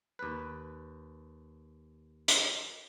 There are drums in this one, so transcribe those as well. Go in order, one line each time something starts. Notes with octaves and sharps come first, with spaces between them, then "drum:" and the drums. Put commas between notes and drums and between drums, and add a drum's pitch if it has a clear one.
D#2 B4
drum: hi-hat